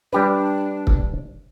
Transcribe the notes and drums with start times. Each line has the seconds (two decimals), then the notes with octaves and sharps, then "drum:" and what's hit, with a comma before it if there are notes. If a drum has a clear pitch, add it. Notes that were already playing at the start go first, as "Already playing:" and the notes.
0.13 G3 D4 G4 B4
0.87 drum: kick